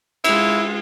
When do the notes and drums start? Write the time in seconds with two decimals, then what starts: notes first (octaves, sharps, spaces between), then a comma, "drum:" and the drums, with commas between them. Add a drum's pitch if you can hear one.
0.24 G#3 E4 F4, drum: cymbal